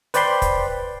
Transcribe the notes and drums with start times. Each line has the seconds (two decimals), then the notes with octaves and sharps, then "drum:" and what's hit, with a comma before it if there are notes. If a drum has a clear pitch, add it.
0.14 B4 C5 D5 G5 B5 C6, drum: hi-hat
0.42 drum: kick, hi-hat